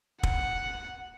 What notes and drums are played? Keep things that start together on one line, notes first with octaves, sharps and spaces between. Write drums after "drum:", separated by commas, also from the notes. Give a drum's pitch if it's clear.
F#5, drum: kick